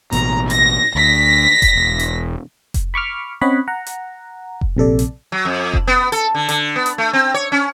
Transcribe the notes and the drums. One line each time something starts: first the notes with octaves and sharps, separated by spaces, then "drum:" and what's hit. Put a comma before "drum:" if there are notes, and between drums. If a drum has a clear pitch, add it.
A1 B2 A#5, drum: hi-hat
A#6, drum: hi-hat
D2 A#6 B6
drum: kick F1, hi-hat
E1
drum: hi-hat
drum: kick F1, hi-hat
B5 C#6 D6 F6
C4 C#4 C#5 D#5 F#5 B5
F#5 A#5
drum: hi-hat
drum: kick F1
A#1 C3 A4 D5
drum: hi-hat
F#3
F2
drum: kick F1
B3
A4, drum: hi-hat
D3
D3, drum: hi-hat
B3
drum: hi-hat
A3
C4
C#5
C#4